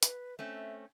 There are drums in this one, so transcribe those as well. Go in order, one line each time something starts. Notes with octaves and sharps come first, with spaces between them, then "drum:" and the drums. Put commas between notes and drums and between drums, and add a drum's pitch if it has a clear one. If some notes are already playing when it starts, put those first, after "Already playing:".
B4, drum: hi-hat
A3 C4 C#4 E5